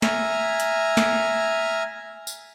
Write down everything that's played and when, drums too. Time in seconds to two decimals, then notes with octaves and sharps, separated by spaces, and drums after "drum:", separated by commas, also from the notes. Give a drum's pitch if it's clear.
0.02 E5 G#5 A#5 F6, drum: snare
0.60 drum: hi-hat
0.97 drum: snare
2.27 drum: tambourine